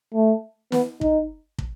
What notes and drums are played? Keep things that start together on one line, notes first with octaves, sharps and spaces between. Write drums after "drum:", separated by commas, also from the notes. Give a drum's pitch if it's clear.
A3
B3, drum: snare
D#4, drum: kick
drum: kick